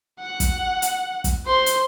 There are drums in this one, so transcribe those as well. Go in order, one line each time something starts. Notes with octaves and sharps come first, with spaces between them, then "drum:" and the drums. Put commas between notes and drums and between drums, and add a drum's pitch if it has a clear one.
F#5
drum: kick, hi-hat
drum: hi-hat
drum: kick, hi-hat
C5 C6
drum: hi-hat